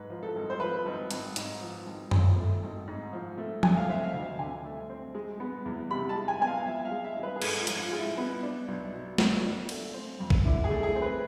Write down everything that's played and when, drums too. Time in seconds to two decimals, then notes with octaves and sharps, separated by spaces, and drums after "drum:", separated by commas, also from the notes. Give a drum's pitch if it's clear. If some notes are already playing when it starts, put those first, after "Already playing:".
Already playing: G#2 B4
0.10 F3
0.23 A4
0.35 G#1
0.50 C5
0.60 F3 B4
0.86 G#1
1.11 G#1, drum: hi-hat
1.36 G#2, drum: hi-hat
1.61 F3
1.86 G#1
2.11 F3, drum: tom F#2
2.37 A3
2.62 G#1
2.87 G#2
3.13 F3
3.38 A3
3.63 A3 G#5, drum: tom F3
3.77 F5
3.89 C4 E5
4.04 F5
4.14 D2
4.39 D3 G#5
4.64 A3
4.89 C4
5.14 G#3
5.40 B3
5.65 E2
5.90 C3 B5
6.09 A5
6.16 G#3
6.28 G#5
6.41 B3 G#5
6.47 F5
6.66 F3 E5
6.85 F5
6.91 G#3
7.04 E5
7.17 G#1
7.23 B4
7.36 G#4
7.42 G#2 A4, drum: cymbal
7.61 F4
7.67 F3, drum: hi-hat
7.80 F4
7.92 G#3
7.99 E4
8.17 B3
8.43 D4
8.68 B1
8.93 B2
9.18 B3, drum: snare
9.44 D4
9.69 A3, drum: cymbal
9.94 C4
10.20 F2
10.30 drum: kick
10.45 D3 E4
10.64 G#4
10.70 A3
10.83 G#4
10.95 C4
11.02 B4